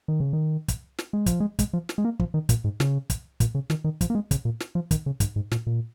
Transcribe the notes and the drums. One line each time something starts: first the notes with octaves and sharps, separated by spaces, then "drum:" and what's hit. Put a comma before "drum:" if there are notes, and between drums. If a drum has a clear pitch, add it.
D#3
C#3
D#3
drum: kick, hi-hat
drum: snare
G#3
F3, drum: kick, hi-hat
G#3
G#3, drum: kick, hi-hat
F3
drum: snare
G#3
A#3
F3, drum: kick
D#3
A#2, drum: kick, hi-hat
G#2
C#3, drum: snare
drum: kick, hi-hat
A#2, drum: kick, hi-hat
C#3
D#3, drum: snare
D#3
F3, drum: kick, hi-hat
A#3
G#3
C#3, drum: kick, hi-hat
A#2
drum: snare
F3
D#3, drum: kick, hi-hat
C#3
G#2, drum: kick, hi-hat
G#2
A#2, drum: snare
A#2